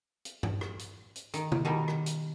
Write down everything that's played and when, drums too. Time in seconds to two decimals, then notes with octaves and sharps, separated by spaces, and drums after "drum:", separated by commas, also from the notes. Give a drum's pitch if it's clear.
0.25 drum: hi-hat
0.43 drum: tom G2
0.61 drum: rim click
0.79 drum: hi-hat
1.16 drum: hi-hat
1.34 D#3, drum: hi-hat
1.52 drum: tom
1.65 B2 D#3 G3
1.88 drum: rim click
2.06 drum: hi-hat